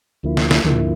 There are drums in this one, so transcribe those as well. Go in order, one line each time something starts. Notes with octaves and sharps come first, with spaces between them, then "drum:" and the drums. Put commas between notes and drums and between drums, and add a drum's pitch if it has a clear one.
D2 D3 F3 A#3 E4
drum: snare
drum: snare
D2 D3 F3 A#3 E4, drum: tom